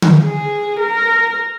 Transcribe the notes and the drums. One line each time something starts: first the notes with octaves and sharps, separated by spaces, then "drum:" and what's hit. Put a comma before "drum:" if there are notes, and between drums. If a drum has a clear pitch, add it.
drum: tom D3
G#4
A#4